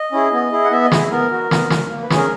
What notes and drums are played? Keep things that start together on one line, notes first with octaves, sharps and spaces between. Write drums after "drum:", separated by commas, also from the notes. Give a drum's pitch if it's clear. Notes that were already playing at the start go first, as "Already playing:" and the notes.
Already playing: D#5
C#4 E4 G#4
B3
E4 G#4
F#5
B3 E5
D#5
E4 G#4, drum: snare
B3 A#4
F#4
B3, drum: snare
F#4, drum: snare
A#3
B4
C#4 G#4, drum: snare
A#4